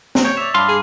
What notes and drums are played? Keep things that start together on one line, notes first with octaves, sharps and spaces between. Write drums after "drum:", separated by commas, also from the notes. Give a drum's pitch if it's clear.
drum: snare
C#5 G5
D5 E5 E7 F7
G2 F5 A5 B5 C6 D6
G#4